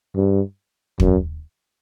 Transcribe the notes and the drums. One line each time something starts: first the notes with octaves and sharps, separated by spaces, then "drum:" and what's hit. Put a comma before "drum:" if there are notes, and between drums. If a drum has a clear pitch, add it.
G2
F#2, drum: kick